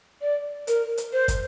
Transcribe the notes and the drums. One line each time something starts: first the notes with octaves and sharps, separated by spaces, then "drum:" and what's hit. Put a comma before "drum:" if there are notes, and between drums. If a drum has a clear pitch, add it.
D5
A#4, drum: hi-hat
drum: hi-hat
C5
drum: kick, hi-hat